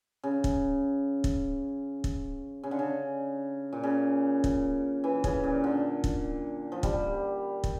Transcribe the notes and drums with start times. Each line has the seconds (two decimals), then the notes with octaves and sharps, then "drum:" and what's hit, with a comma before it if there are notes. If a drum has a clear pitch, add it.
0.23 C#3
0.44 drum: kick
1.24 drum: kick
2.04 drum: kick
2.63 C#3
2.71 D3
2.79 C#3
3.73 A#2
3.83 C#3
4.44 drum: kick
5.04 E3
5.24 C#3, drum: kick
5.44 A#2
5.64 D3
6.04 drum: kick
6.72 F3
6.83 G3, drum: kick
7.64 drum: kick